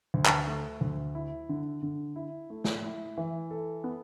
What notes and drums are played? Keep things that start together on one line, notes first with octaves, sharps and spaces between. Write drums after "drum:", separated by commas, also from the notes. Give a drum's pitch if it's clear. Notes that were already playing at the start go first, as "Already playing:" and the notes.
D2
drum: clap
A3
D2
E4
D3
D3
E4
A3
drum: snare
E4
E3
A4
B3